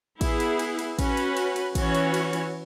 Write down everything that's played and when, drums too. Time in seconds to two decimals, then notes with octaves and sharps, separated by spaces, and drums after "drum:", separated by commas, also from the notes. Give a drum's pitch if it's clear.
0.21 B3 E4 G#4, drum: kick A1, cymbal
0.40 drum: cymbal
0.59 drum: cymbal
0.79 drum: cymbal
0.99 C#4 F#4 B4, drum: kick A1, cymbal
1.17 drum: cymbal
1.37 drum: cymbal
1.56 drum: cymbal
1.75 E3 C#4 F#4 C#5, drum: kick A1, cymbal
1.95 drum: cymbal
2.14 drum: cymbal
2.33 drum: cymbal